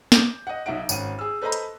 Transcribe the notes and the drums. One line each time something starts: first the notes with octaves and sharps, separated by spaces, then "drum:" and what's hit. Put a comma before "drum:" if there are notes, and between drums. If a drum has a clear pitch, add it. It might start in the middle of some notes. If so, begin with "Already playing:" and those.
D6 G6, drum: snare
D#5 F#5
B1 D#4 E5 F#5 D7
G#1 C#4 F#5 D#7, drum: tambourine
G#4 E6
A4 B4 C5 D#5 A#5 B5
drum: hi-hat